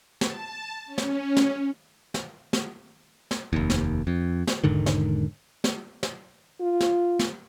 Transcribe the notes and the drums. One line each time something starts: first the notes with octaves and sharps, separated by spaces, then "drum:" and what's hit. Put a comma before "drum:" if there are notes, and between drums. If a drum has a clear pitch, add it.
A5, drum: snare
C#4
drum: snare
drum: snare
drum: snare
drum: snare
drum: snare
F1 D#2
drum: snare
F2
drum: snare
E1 G#2 D3 D#3
drum: snare
drum: snare
drum: snare
F4
drum: snare
drum: snare